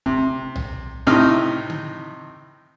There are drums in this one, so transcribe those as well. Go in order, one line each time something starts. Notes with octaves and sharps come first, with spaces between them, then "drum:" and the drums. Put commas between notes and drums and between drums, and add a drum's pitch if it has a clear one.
C3, drum: kick
drum: tom B1
A2 C3 D#4 F6
drum: tom C#3